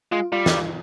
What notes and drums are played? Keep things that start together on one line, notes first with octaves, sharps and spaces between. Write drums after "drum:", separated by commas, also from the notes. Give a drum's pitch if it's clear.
G#3 F4
G3 F4
drum: snare